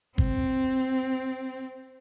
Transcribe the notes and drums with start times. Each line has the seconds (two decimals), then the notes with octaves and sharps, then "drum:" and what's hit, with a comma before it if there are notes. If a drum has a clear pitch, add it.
0.18 C4, drum: kick G1